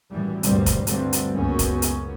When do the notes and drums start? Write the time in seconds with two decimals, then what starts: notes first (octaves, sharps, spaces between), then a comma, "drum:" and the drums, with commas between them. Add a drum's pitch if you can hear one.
0.10 F#2 A2 E3 G3
0.43 D2 G2 A#2 G3 C4, drum: hi-hat
0.66 drum: kick, hi-hat
0.87 D2 G2 D3 G3 A3 C4, drum: hi-hat
1.13 drum: hi-hat
1.32 C#2 F#2 A#3 B3 C#4
1.59 drum: kick, hi-hat
1.82 drum: hi-hat